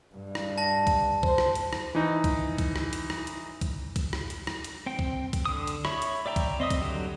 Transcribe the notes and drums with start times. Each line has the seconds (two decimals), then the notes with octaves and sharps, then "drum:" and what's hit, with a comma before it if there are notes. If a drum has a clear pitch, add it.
0.15 G2
0.35 drum: rim click
0.58 A5 A#6
0.87 drum: kick C2, hi-hat
1.23 C5, drum: kick C2
1.38 drum: rim click
1.55 drum: hi-hat
1.73 drum: rim click
1.95 E3 D#4
2.24 drum: kick C2, hi-hat
2.58 drum: kick C2, hi-hat
2.76 drum: rim click
2.93 drum: hi-hat
3.10 drum: rim click
3.27 drum: hi-hat
3.61 drum: kick C2, hi-hat
3.96 drum: kick C2, hi-hat
4.13 drum: rim click
4.30 drum: hi-hat
4.47 drum: rim click
4.64 drum: hi-hat
4.86 C4 G5
4.99 drum: kick C2
5.33 drum: kick C2, hi-hat
5.45 D3 D#6
5.67 drum: hi-hat
5.85 C#5 E5 B5 C#6, drum: rim click
6.02 drum: hi-hat
6.26 D5 E5 G5 A#5
6.36 drum: kick C2, hi-hat
6.60 C4 D#5 E5 D#6
6.70 drum: kick C2, hi-hat
6.81 D3 F#3 G4